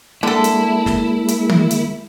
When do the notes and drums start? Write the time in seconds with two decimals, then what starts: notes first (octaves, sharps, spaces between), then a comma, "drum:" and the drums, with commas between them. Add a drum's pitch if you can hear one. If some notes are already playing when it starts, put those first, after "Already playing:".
0.23 D3 G#3 A#3 E4 A4
0.44 drum: hi-hat
0.86 drum: snare
1.28 drum: hi-hat
1.49 drum: tom D#3
1.71 drum: hi-hat